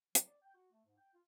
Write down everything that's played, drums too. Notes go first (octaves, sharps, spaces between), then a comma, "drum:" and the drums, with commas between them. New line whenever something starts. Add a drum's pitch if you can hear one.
F#3, drum: hi-hat
D5
G5
F#4
A3
G#2
G5
F4